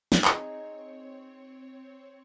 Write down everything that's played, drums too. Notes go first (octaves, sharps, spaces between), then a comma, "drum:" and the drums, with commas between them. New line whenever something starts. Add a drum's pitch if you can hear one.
drum: snare
C4 D#4 G#4 C#5, drum: clap